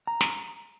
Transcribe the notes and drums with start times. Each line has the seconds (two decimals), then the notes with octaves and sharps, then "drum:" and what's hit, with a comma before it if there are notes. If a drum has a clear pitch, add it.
0.07 A#5
0.21 drum: snare